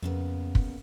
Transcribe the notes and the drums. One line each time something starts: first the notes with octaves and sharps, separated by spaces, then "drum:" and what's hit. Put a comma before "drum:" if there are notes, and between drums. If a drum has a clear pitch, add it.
F2 A#2 C#3 B3
drum: kick